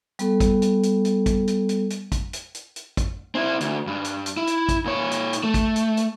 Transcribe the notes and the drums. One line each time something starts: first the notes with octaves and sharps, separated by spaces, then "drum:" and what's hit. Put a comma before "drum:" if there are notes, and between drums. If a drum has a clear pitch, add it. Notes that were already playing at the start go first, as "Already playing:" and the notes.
G3 B3 A4, drum: hi-hat
drum: kick, hi-hat
drum: hi-hat
drum: hi-hat
drum: hi-hat
drum: kick, hi-hat
drum: hi-hat
drum: hi-hat
drum: hi-hat
drum: kick, hi-hat
drum: hi-hat
drum: hi-hat
drum: hi-hat
drum: kick, hi-hat
C4 E4
D2, drum: hi-hat
G2
drum: hi-hat
drum: hi-hat
E4
drum: hi-hat
drum: kick, hi-hat
A#2 C#5
drum: hi-hat
drum: hi-hat
A3
drum: kick, hi-hat
drum: hi-hat
drum: hi-hat